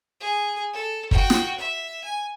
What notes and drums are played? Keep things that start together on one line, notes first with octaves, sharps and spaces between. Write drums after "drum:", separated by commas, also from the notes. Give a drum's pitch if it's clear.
G#4
A4
F#4 G5, drum: kick
drum: snare
E5
G#5